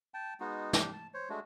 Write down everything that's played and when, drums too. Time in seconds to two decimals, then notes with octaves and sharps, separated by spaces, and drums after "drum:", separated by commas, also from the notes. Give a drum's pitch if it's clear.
0.14 G5 A5
0.40 G#3 B3 D#4 F#4
0.73 D4 G4 G5, drum: snare
0.93 A5
1.14 C5 C#5
1.30 G#3 A3 D4 F#4